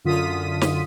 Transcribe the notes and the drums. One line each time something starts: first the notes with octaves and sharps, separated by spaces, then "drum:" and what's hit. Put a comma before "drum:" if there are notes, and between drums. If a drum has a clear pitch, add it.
F#2 D3 F4 D#6 B6 D#7
drum: snare